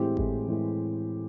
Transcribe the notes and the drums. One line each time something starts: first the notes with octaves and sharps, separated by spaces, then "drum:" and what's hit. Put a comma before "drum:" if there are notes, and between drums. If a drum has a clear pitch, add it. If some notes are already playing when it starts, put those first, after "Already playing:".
Already playing: A2 E3 G#3 C4 E4 G4
A2 E3 G#3 C4 E4, drum: kick G#1
A2 E3 G#3